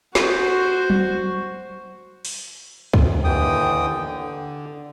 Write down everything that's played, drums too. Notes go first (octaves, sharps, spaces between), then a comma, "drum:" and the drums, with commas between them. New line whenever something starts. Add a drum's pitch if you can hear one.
F#4 C5, drum: snare
drum: tom
drum: open hi-hat
drum: kick
D#2 D3 E3 G5 D#6
D3